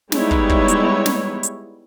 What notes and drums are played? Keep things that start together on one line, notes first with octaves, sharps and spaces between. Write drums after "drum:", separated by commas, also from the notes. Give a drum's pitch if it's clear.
G3 G#3 B3 D#4 E4 C#5, drum: snare
drum: kick
drum: kick
drum: hi-hat
drum: snare
drum: hi-hat